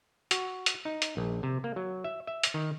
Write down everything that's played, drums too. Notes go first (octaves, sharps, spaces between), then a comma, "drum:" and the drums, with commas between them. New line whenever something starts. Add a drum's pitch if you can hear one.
F#4, drum: hi-hat
drum: hi-hat
D#4
drum: hi-hat
A#1
C3
A#3
F#3
E5
E5
drum: hi-hat
D#3